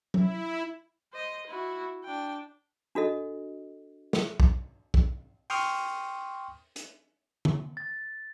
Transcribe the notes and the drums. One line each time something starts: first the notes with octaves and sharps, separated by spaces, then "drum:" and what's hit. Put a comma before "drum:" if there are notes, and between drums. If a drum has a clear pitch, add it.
E4, drum: tom
C5 D#5
E4 F#4
D4 G5
D4 F#4 A4 D#5
drum: snare
drum: kick
drum: kick
G5 C6 C#6 D#6 F6, drum: open hi-hat
drum: hi-hat
drum: tom D3
A6